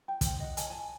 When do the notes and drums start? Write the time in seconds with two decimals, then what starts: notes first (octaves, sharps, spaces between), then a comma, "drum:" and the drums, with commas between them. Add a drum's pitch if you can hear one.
0.08 G5
0.21 C5, drum: kick, hi-hat
0.40 D#5 F#5
0.57 C#5 D#5 G#5 A5, drum: hi-hat
0.70 G#5 A5